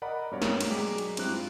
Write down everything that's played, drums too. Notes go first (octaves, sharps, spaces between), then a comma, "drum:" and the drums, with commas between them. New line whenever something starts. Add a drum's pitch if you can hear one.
A#4 D5 D#5 F#5 A#5 B5
G2 B2 A#4 C#5 D5
drum: snare
drum: cymbal
F#3 G#3 G5 A#5 D6 B6
drum: cymbal
G2 C4 E4 G4 F#6, drum: cymbal
F4